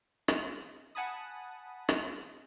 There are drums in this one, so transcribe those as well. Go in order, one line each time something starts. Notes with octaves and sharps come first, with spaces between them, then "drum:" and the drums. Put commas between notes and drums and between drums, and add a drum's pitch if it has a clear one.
drum: rim click
F#5 G#5 A5 B5 D#6
drum: rim click